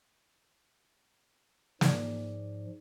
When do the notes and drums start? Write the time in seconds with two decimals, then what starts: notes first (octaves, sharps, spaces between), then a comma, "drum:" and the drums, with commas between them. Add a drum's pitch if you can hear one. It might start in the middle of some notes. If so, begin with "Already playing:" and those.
1.81 G#2 F3 G#4 D5, drum: snare